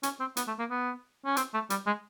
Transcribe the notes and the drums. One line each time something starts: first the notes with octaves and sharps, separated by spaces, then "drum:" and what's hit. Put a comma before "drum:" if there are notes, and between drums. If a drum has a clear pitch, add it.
C#4, drum: hi-hat
C4
B3, drum: hi-hat
A3
A#3
B3
C#4
C4, drum: hi-hat
A3
G3, drum: hi-hat
G#3